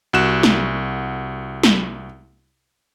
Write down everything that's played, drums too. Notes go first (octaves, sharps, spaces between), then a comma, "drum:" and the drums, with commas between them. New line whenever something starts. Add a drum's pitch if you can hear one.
C2 F#4 F#6 E7
drum: snare
drum: snare